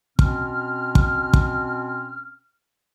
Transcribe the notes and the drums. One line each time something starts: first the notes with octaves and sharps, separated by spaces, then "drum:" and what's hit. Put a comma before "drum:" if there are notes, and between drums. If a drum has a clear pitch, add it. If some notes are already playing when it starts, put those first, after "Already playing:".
B2 C4 C#4 F6, drum: kick
drum: kick
drum: kick